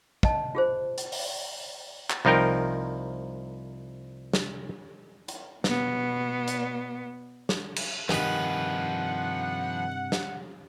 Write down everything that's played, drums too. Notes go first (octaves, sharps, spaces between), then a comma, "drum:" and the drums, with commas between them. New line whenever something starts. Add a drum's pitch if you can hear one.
D#5 A5, drum: kick
F4 G#4 C5
drum: hi-hat
drum: open hi-hat
drum: clap
C2 F3 D#4 A#4 G5
drum: snare
drum: hi-hat
B2 B3, drum: snare
drum: hi-hat
drum: snare
drum: cymbal
G2 C3 D#3 F3 B4 F#5 G#5 B5, drum: snare
drum: snare